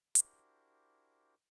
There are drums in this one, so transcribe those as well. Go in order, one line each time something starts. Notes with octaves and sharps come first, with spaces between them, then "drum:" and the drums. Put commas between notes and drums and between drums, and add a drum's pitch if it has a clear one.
D4 E4 F#4 G4 A#4 C5, drum: hi-hat